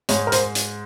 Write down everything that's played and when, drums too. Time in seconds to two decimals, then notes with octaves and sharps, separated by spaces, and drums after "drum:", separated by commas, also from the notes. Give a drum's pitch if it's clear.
0.09 G#2 C#5, drum: hi-hat
0.27 A#4
0.32 C5, drum: hi-hat
0.55 drum: hi-hat